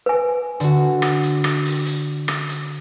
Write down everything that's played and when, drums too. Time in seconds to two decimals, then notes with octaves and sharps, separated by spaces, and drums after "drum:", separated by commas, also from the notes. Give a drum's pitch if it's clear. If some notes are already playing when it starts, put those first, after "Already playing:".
0.06 B4 G#5
0.60 D3 F#4, drum: hi-hat
1.02 drum: rim click
1.23 drum: hi-hat
1.44 drum: rim click
1.65 drum: open hi-hat
1.86 drum: hi-hat
2.28 drum: rim click
2.49 drum: hi-hat